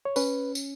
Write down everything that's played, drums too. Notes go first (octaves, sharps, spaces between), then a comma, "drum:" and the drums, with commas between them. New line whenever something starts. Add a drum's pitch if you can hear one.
C#5
C#4 B4, drum: tambourine
drum: tambourine